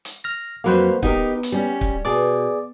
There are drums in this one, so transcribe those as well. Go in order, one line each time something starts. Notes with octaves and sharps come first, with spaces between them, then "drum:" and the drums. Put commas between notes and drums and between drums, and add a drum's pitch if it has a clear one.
drum: hi-hat
F6 A#6
F2 F#3 A#3 B4 C5 F5
B3 D#4 G4 A#4, drum: kick
drum: hi-hat
G3 C#4
drum: kick
B2 G#4 D5 D6